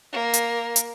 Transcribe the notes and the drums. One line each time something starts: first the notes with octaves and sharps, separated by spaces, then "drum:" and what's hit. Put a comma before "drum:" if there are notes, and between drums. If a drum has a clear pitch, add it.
A#3
drum: hi-hat
drum: hi-hat